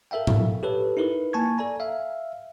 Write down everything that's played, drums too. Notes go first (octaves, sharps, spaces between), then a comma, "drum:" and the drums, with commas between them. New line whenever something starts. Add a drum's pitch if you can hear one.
A4 A#4 E5 F5 G5
drum: tom A2
G4 A4 B4 C#5
D#4 E4 A#4 B4
A#3 G#5 A5 C#6 G#6
A4 D5 G#5 A#5
E5 F5